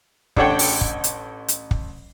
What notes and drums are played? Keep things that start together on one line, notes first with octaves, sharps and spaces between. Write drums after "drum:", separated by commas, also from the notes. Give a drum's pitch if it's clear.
A1 D4 A4 C#5 F#5 G5, drum: kick
drum: open hi-hat
drum: kick
drum: hi-hat
drum: hi-hat
drum: kick